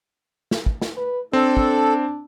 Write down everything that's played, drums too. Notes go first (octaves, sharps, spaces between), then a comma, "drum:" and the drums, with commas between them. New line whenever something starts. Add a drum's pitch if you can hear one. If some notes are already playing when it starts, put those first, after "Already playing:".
drum: snare
drum: kick
drum: snare
B4
C4 D4 A4
drum: kick